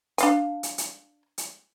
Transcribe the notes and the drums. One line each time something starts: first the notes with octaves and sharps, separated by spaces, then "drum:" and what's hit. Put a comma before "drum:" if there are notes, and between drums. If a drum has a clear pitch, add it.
D4 F5 G#5, drum: hi-hat
drum: hi-hat
drum: hi-hat
drum: hi-hat